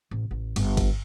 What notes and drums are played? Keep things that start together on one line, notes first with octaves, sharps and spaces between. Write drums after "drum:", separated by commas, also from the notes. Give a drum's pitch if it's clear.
A1
A1
G1, drum: cymbal
drum: kick, cymbal